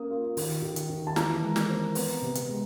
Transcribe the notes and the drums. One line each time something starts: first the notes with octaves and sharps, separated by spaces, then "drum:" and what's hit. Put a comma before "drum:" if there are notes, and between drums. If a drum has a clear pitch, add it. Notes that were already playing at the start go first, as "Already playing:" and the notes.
Already playing: A#3 C#4 D#6
F4
D#3, drum: open hi-hat
D#3
drum: hi-hat
D#3
A5
E3 A#5, drum: snare
G#3
drum: snare
C4
B3, drum: open hi-hat
C3
drum: hi-hat
G#3